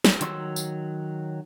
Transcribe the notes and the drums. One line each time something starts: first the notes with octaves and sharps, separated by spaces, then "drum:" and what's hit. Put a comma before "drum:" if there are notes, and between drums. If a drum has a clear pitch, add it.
drum: snare
D#3 F#3 C6 E6, drum: hi-hat
drum: tambourine